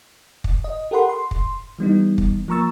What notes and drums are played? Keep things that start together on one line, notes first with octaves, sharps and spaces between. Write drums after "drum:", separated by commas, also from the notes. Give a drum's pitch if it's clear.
drum: kick
D#5
G4 A4 A#4 F#5 B5 C6
C6
drum: kick
E3 G3 B3 D#4
drum: kick
F3 A#3 A#5 C#6 E6 A6